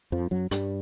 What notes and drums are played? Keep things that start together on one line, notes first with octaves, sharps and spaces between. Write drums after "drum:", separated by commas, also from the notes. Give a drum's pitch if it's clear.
F2 F3
F#2 F#3
G2 G3, drum: hi-hat